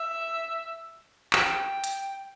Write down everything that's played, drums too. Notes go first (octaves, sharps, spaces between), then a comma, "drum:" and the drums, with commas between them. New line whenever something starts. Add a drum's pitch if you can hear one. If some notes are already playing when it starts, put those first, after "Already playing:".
Already playing: E5
G5, drum: clap
drum: hi-hat